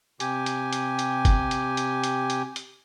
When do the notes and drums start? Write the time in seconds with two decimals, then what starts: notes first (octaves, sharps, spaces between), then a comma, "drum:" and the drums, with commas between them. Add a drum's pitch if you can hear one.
0.20 C3 G4 G#5, drum: hi-hat
0.46 drum: hi-hat
0.73 drum: hi-hat
0.99 drum: hi-hat
1.25 drum: kick F#1, hi-hat
1.51 drum: hi-hat
1.77 drum: hi-hat
2.04 drum: hi-hat
2.30 drum: hi-hat
2.56 drum: hi-hat